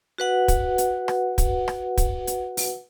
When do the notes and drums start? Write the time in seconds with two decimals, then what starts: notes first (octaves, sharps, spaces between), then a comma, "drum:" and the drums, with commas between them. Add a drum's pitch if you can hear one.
0.18 F#4 B4 F#5
0.48 drum: kick, hi-hat
0.78 drum: hi-hat
1.08 drum: rim click
1.38 drum: kick, hi-hat
1.68 drum: rim click
1.98 drum: kick, hi-hat
2.27 drum: hi-hat
2.57 drum: open hi-hat